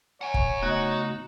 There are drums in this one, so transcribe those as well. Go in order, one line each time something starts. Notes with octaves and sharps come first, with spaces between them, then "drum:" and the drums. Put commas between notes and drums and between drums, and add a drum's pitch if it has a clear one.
C#5 F#5 G#5
drum: kick
C#3 A3 B3 D#4 F#4